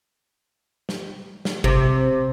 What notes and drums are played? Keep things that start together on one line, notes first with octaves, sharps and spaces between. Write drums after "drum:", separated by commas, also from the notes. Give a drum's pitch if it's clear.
drum: snare
drum: snare
C3, drum: kick